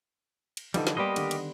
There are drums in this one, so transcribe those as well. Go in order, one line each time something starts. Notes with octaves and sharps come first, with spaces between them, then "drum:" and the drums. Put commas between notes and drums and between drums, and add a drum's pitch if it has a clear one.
drum: cymbal
D3 E3 F3 G3 D#4 A4, drum: cymbal
drum: snare
G3 A#3 B3 G4 C5 D#5 G#5
D3 D#3, drum: cymbal
drum: cymbal